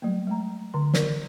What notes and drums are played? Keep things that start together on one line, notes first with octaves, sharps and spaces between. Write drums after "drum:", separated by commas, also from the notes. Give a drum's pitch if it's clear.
F#3 G3 A3 A#3
G#3 A3 A#5
D3 C6
A#4 D5, drum: snare